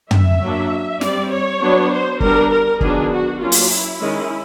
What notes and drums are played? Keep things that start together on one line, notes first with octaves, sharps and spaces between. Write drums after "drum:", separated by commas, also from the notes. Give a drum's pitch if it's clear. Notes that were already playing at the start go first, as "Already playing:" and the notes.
E5, drum: tom
F#3 A#3 D4
G3 C4 D5, drum: snare
C#5
F#3 B3 D4
C5
G3 B3 D4 A#4, drum: kick
A#4
D#3 F#3 B3 D4 G#4, drum: kick
F#4
F#3 A#3 C#4 F4
drum: open hi-hat
E4
D#3 G#3 C#4